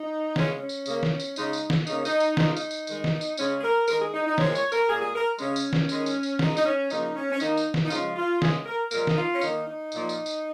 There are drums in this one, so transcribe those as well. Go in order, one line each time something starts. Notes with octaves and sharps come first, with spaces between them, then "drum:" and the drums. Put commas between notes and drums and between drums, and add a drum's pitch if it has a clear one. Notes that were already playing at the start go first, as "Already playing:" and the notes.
Already playing: D#4
C#3 G#3 C#4, drum: snare
C#4
drum: tambourine
C#3 A#3, drum: tambourine
drum: snare
drum: tambourine
C#3 G#3 D#4, drum: tambourine
drum: tambourine
drum: snare
C#3 A#3 D#4, drum: tambourine
C#4
D#4, drum: tambourine
drum: tambourine
C#3 G#3 D#4, drum: snare
F4
D#4, drum: tambourine
drum: tambourine
D#3 G#3, drum: tambourine
drum: snare
drum: tambourine
C#3 G#3 C#4, drum: tambourine
G#4
A#4
D#3 G#3 A#4, drum: tambourine
G#4
D#4
D#4
A#2 F3 G#3 C#5, drum: snare
C#5, drum: tambourine
A#4, drum: tambourine
A#2 A#3 G#4
G#4
A#4
C#3 G#3 C#4, drum: tambourine
drum: tambourine
drum: snare
D#3 G#3, drum: tambourine
drum: tambourine
drum: tambourine
C#3 G#3 D#4, drum: snare
D#4, drum: tambourine
C#4
C#3 F3 A#3 D#4, drum: tambourine
C#4
C#4
D#3 A#3 D#4, drum: tambourine
drum: tambourine
drum: snare
D#4
C#3 F3 G#3 F4, drum: tambourine
F4
C#3 G#3 G#4, drum: snare
A#4
A#2 F3 G#3 A#4, drum: tambourine
D#4, drum: snare
F4
C#4
D#3 A#3 D#4, drum: tambourine
D#4
A#2 F3 A#3, drum: tambourine
drum: tambourine
drum: tambourine